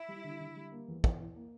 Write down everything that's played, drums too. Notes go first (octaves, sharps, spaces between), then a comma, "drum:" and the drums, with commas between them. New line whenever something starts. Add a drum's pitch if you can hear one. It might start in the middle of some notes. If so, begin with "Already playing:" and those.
Already playing: E4
G3
D3
D3
G3
A#3
E2
E2, drum: kick
E3
A#3